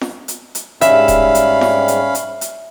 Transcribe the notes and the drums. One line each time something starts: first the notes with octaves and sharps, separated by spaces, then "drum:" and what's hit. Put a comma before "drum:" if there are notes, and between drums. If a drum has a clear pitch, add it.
drum: snare
drum: hi-hat
drum: hi-hat
G#2 G3 C#4 E5 F5 B5, drum: hi-hat
drum: kick D#1, hi-hat
drum: hi-hat
drum: snare
drum: hi-hat
drum: hi-hat
drum: hi-hat